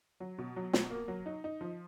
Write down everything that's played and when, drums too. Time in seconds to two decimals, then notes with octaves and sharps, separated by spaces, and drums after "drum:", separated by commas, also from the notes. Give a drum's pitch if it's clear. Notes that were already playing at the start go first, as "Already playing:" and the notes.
0.20 F#3
0.38 B2
0.56 F#3
0.73 B2, drum: snare
0.90 A#3
1.08 F#3
1.26 D#4
1.44 D#4
1.61 F3